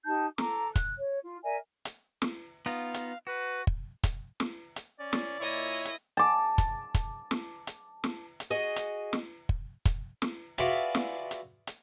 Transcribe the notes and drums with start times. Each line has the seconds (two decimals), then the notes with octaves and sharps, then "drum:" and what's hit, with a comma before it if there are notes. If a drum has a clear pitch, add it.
0.05 D#4 G4 A5 G6
0.38 A4 A#5 D6, drum: snare
0.76 F#6, drum: kick, hi-hat
0.98 C#5
1.21 F4
1.43 A#4 D5 E5 G#5
1.85 drum: hi-hat
2.22 drum: snare
2.66 B3 D#4 F4 F5
2.94 drum: hi-hat
3.27 F#4 B4
3.67 drum: kick
4.04 drum: kick, hi-hat
4.40 drum: snare
4.76 drum: hi-hat
5.00 C#4 D5
5.13 drum: snare
5.40 A#2 E4 C#5 D#5
5.85 drum: hi-hat
6.17 A5 D6
6.58 drum: kick, hi-hat
6.94 drum: kick, hi-hat
7.31 drum: snare
7.67 drum: hi-hat
8.04 drum: snare
8.40 drum: hi-hat
8.50 F#4 G#4 D#5
8.76 drum: hi-hat
9.13 drum: snare
9.49 drum: kick
9.85 drum: kick, hi-hat
10.22 drum: snare
10.58 F4 F#4 G#4 B4 D5 E5, drum: hi-hat
10.95 drum: snare
11.31 drum: hi-hat
11.67 drum: hi-hat